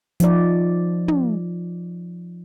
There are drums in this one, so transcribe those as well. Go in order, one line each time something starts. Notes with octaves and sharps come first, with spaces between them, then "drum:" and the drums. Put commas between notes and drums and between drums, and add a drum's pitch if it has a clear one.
F3 D#4 D5, drum: hi-hat
drum: tom